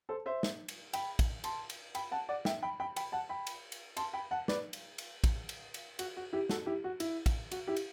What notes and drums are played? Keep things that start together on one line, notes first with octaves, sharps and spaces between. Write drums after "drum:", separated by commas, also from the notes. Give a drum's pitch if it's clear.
A4 C5
C5 E5
drum: snare
drum: cymbal
G5 B5, drum: cymbal
drum: kick, cymbal
A5 C6, drum: cymbal
drum: cymbal
G5 B5, drum: cymbal
F#5 A5
D5 F#5
E5 G5, drum: snare
G5 B5
G5 B5
G5 B5, drum: cymbal
F#5 A5
G5 B5
drum: cymbal
drum: cymbal
A5 C6, drum: cymbal
G5 B5
F#5 A5
B4 D5, drum: snare
drum: cymbal
drum: cymbal
drum: kick, cymbal
drum: cymbal
drum: cymbal
F#4, drum: cymbal
F#4
E4 G4
F#4 A4, drum: snare
E4 G4
F#4
E4, drum: cymbal
drum: kick, cymbal
F#4, drum: cymbal
E4 G4
drum: cymbal